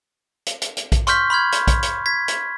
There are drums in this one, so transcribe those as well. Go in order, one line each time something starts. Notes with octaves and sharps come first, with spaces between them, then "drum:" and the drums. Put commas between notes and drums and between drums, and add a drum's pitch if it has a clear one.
drum: hi-hat
drum: hi-hat
drum: hi-hat
drum: kick A#1, hi-hat
C6 C#6 F6 G6 B6, drum: hi-hat
B5 C6 F6 G#6
drum: hi-hat
drum: kick A#1, hi-hat
drum: hi-hat
G#6 B6
drum: hi-hat